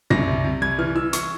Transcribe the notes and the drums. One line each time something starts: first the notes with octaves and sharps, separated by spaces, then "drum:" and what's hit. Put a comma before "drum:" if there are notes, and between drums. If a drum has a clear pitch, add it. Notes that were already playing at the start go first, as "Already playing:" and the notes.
C2 A#6, drum: tom
C3
C3
C2 G#6
E3 F6
E3 E6
C#6, drum: hi-hat